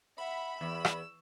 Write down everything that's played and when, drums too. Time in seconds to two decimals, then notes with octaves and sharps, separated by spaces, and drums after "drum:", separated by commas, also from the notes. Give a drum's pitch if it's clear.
0.18 E5 F#5 B5
0.61 E2 E6
0.85 drum: rim click